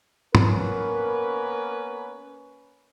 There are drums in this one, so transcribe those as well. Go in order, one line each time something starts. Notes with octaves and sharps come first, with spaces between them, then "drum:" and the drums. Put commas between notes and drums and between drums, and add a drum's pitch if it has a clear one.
A#3 B3 C#4 A#4 B4, drum: tom